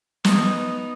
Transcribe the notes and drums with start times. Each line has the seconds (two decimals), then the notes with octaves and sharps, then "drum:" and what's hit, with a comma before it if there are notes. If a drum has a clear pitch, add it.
0.25 B3 D#4, drum: snare